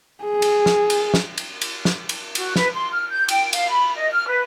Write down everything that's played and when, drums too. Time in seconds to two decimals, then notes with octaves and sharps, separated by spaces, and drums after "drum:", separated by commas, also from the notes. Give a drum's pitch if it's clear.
0.24 G#4
0.42 drum: cymbal
0.66 drum: snare
0.90 drum: cymbal
1.14 drum: snare
1.38 drum: cymbal
1.61 drum: cymbal
1.85 drum: snare
2.09 drum: cymbal
2.35 F#4, drum: cymbal
2.56 B4, drum: snare
2.74 C6
2.92 F6
3.10 G6
3.28 G5, drum: cymbal
3.53 F5, drum: cymbal
3.70 B5
3.96 D#5
4.11 F6
4.27 B4